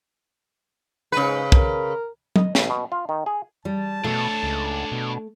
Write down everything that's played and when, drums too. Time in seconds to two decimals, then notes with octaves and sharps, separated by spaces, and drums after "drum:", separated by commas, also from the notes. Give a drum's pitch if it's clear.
1.12 G#2 C#3 B4
1.52 A#4, drum: kick
2.36 D#5, drum: tom
2.55 A1, drum: snare
2.70 B2
2.92 F4
3.09 D#3
3.26 G#4
3.65 G3 A5
4.04 B2 A3 D4 C#5
4.43 C#2
4.92 B2